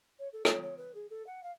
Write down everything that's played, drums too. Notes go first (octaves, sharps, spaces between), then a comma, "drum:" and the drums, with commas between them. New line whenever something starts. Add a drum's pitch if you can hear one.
C#5
A4
C#5, drum: rim click
C#5
B4
G#4
A4
F#5
F5